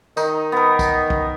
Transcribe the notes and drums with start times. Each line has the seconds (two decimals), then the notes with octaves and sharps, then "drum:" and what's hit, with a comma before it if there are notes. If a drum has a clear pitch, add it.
0.17 D#3 D#4, drum: tambourine
0.52 B3 A#4
0.79 drum: kick, tambourine
1.10 drum: kick